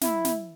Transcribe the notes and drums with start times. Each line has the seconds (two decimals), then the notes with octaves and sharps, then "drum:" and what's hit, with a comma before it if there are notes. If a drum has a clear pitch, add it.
0.01 E4, drum: snare
0.25 drum: snare